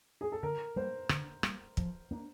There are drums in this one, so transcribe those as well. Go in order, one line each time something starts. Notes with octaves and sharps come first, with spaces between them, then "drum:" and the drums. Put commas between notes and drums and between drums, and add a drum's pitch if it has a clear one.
G#4
A4
D3 A#4
G3 A#3 C5
D3, drum: rim click
G3 A#3, drum: rim click
F3, drum: kick
A#3 D4